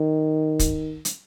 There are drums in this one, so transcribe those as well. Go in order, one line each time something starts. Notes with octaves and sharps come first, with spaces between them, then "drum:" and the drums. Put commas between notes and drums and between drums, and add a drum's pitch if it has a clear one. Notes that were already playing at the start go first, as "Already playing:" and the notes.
Already playing: D#3
drum: kick, hi-hat
drum: hi-hat